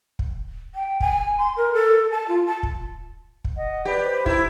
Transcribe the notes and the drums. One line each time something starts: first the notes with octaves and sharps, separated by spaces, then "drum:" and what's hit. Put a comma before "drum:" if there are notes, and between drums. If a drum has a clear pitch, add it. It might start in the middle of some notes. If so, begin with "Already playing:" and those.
drum: kick
G5
G#5, drum: kick
C6
A#4
A4
A5
F4
A5
drum: kick
drum: kick
D#5 F#5
G4 B4 D5
C5
E4 A#5 B5 D6, drum: kick